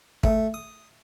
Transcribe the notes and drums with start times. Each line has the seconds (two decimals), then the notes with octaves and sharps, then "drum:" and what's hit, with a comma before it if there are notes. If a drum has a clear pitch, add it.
0.23 A3, drum: kick
0.54 D#6